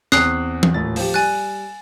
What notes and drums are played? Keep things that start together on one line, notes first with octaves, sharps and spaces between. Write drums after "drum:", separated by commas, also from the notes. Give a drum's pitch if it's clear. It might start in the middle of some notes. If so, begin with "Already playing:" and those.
E2 C4 D#6 F#6 C7, drum: snare
drum: tom
D#1 A2 A6
F3 G4, drum: open hi-hat
G3 G#5 F#6 A6